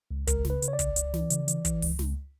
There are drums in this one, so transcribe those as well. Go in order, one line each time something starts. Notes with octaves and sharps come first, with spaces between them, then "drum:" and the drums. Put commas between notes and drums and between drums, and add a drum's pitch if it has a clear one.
C#2
C#2 A#4, drum: kick, hi-hat
C#3, drum: snare
B4
C#3, drum: hi-hat
C#5
D5
C#2, drum: kick, hi-hat
C#2, drum: hi-hat
E3, drum: snare
C#3, drum: hi-hat
E3, drum: hi-hat
E3, drum: kick, hi-hat
C#2, drum: open hi-hat
C#2, drum: snare